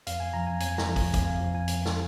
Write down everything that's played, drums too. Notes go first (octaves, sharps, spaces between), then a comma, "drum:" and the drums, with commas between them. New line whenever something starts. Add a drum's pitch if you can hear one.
F2 F5, drum: hi-hat
G#5
F3 A#5
G#5
F2 G#5, drum: hi-hat
A#5, drum: snare
F3
G#5, drum: kick, open hi-hat
F2 G#5, drum: kick, hi-hat
F5
F3
G#5
F2, drum: hi-hat
drum: snare